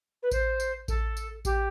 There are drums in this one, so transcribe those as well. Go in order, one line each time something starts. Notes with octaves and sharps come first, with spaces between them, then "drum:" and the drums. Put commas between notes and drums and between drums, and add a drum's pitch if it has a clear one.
B4
C5, drum: kick A1, tambourine
drum: tambourine
A4, drum: kick A1, tambourine
drum: tambourine
G4, drum: kick A1, tambourine